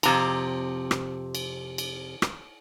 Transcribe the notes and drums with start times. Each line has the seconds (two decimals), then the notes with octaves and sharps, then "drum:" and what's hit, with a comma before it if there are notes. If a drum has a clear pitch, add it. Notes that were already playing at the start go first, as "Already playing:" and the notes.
0.03 F2 C3 A#5, drum: cymbal
0.91 drum: rim click
1.35 drum: cymbal
1.78 drum: cymbal
2.22 drum: rim click